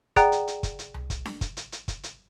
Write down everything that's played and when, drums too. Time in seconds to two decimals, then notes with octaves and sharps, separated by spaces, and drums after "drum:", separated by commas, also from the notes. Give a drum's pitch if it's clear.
0.16 G#4 D5 F#5 G5 A#5 F#6, drum: kick, hi-hat
0.32 drum: hi-hat
0.48 drum: hi-hat
0.63 drum: kick, hi-hat
0.79 drum: hi-hat
0.94 drum: tom C2
1.10 drum: kick, hi-hat
1.25 drum: snare D4
1.41 drum: kick, hi-hat
1.57 drum: hi-hat
1.72 drum: hi-hat
1.88 drum: kick, hi-hat
2.03 drum: hi-hat